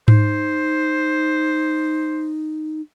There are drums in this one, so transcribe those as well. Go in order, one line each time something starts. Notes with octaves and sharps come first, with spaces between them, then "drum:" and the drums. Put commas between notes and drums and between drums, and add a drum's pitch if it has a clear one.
D#4 C5, drum: tom G#2